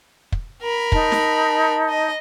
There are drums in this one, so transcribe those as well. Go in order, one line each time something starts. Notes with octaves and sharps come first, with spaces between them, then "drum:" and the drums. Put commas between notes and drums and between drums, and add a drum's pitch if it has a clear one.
drum: kick
A#4 B5
D#4 A5, drum: kick
drum: snare
D#5